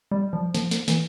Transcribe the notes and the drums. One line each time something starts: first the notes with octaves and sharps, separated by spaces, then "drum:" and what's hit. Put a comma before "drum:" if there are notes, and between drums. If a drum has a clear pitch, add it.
G3
F3
F3, drum: snare
drum: snare
E3, drum: snare